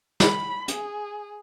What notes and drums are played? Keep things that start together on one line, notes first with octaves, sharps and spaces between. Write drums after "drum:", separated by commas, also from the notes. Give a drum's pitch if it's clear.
B5, drum: snare
G#4, drum: hi-hat